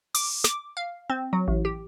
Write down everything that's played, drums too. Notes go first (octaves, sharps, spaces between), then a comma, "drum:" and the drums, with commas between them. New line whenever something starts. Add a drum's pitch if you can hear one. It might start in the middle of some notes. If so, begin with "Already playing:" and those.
D6, drum: open hi-hat
D6, drum: snare
F5
C4
F#3
A1
G4